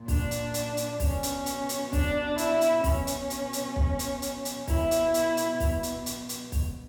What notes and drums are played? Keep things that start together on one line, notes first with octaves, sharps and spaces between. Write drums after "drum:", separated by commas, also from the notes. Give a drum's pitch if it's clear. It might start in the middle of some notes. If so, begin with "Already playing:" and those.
Already playing: A#2
D4, drum: kick B1, open hi-hat
drum: hi-hat
drum: hi-hat
drum: hi-hat
B2 C#4, drum: kick B1, open hi-hat
drum: hi-hat
drum: hi-hat
drum: hi-hat
D4, drum: kick B1, open hi-hat
E4, drum: hi-hat
drum: hi-hat
B2 C#4, drum: kick B1, open hi-hat
drum: hi-hat
drum: hi-hat
drum: hi-hat
drum: kick B1
drum: hi-hat
drum: hi-hat
drum: hi-hat
B2 E4, drum: kick B1, open hi-hat
drum: hi-hat
drum: hi-hat
drum: hi-hat
drum: kick B1, open hi-hat
drum: hi-hat
drum: hi-hat
drum: hi-hat
drum: kick B1, open hi-hat